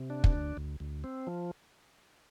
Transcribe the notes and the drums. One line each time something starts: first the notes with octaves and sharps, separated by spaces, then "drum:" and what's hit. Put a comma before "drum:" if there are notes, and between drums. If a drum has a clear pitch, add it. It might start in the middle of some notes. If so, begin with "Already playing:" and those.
Already playing: C3
D4
drum: kick
D2
D2
D2
C4
F3